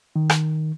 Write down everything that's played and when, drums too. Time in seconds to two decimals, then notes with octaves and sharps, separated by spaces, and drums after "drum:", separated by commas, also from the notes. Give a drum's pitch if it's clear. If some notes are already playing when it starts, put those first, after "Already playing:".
0.16 D#3
0.30 drum: rim click